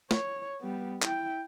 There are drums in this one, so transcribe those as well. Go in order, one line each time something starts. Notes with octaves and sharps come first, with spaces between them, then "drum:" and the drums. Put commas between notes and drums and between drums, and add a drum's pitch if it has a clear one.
C#5, drum: snare
G3 B3
E4 G5, drum: clap